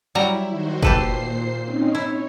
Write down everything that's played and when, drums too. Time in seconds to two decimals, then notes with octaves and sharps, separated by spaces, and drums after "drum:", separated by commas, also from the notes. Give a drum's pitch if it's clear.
0.15 F#3 G3 E4 A#5
0.50 D#3 F#4 C5
0.82 A#2 G4 A4 B4 C5 C7, drum: kick
1.64 C4 C#4 D#4
1.95 E4 C#5